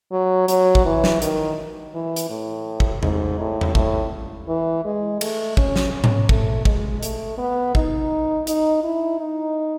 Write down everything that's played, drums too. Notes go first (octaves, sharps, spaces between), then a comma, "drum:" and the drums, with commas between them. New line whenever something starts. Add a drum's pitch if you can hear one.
F#3
F#3, drum: hi-hat
drum: kick
E3
drum: snare
D#3, drum: hi-hat
E3
drum: hi-hat
A2
drum: kick
G#2, drum: tom E2
A2
drum: tom E2
A2, drum: kick
E3
G#3
A3, drum: cymbal
C#4, drum: kick
drum: snare
C#4
drum: tom G#2
A3, drum: kick
G#3, drum: kick
A3, drum: hi-hat
B3
D#4, drum: kick
D#4, drum: hi-hat
E4
D#4